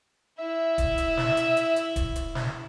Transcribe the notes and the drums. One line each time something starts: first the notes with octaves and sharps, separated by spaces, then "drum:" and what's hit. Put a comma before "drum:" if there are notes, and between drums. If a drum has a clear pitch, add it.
E4 E5
drum: kick D#1, hi-hat
drum: hi-hat
drum: snare
drum: hi-hat
drum: hi-hat
drum: hi-hat
drum: kick D#1, hi-hat
drum: hi-hat
drum: snare